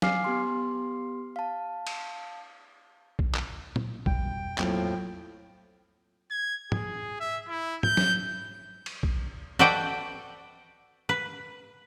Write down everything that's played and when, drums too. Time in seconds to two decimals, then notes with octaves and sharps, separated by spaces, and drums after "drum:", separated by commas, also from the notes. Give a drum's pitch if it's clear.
0.02 F5 G#5 D6 F6 C7, drum: snare
0.24 B3 G4 C6
1.36 F5 A5
1.87 drum: cymbal
3.19 drum: kick
3.35 drum: clap
3.76 drum: tom
4.06 F2 B2 G3 G5, drum: kick
4.58 E2 A2 F3 F#3 A#3 C4, drum: clap
6.31 G#6
6.72 G#4, drum: tom
7.20 E5
7.49 E4
7.83 G6, drum: tom
7.97 drum: snare
8.86 drum: cymbal
9.03 drum: kick
9.59 F#4 A4 B4 D5 D#5 G5, drum: tom
11.09 B4